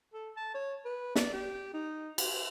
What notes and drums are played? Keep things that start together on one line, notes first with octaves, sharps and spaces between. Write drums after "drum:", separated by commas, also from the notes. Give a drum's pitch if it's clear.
A4
A5
C#5
B4
D5, drum: snare
G4
D#4
G4, drum: cymbal